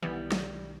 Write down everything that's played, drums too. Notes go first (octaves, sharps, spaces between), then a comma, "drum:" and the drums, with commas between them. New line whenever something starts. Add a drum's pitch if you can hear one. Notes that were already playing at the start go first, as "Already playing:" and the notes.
B1 D#3 E3 G3 B3
drum: snare